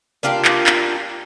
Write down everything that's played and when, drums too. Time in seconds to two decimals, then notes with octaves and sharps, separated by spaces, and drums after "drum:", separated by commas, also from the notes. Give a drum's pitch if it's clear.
0.23 A#3 D4 F4 G4
0.45 drum: clap
0.66 drum: clap